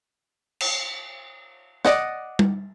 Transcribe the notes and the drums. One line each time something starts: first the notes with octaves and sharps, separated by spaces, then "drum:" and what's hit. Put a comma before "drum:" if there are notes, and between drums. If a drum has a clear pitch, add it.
drum: cymbal
D5 D#5 F#5, drum: snare
drum: tom